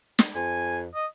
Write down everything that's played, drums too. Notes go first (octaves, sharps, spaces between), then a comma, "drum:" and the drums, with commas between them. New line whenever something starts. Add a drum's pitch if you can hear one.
drum: snare
F2 G#5
D#5